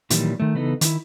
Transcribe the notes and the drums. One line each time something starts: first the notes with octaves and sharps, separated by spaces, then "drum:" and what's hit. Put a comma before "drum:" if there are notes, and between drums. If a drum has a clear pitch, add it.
A#2 D#3 E3 F#3 G3, drum: hi-hat
D#3 A3
C#3 E3 B3 D#4 A4
D#3 E4, drum: hi-hat